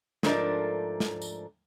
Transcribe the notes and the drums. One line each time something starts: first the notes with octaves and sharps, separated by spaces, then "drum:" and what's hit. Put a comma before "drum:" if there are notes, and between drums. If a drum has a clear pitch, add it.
G#2 F3 A3 D4 A#4 D5, drum: snare
drum: snare
drum: tambourine